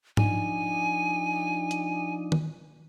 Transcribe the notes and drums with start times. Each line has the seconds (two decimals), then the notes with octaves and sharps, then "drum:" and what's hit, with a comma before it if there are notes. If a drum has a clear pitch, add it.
0.17 F3 D4 D#4 G#5, drum: tom G#2
1.71 drum: hi-hat
2.32 drum: tom D#3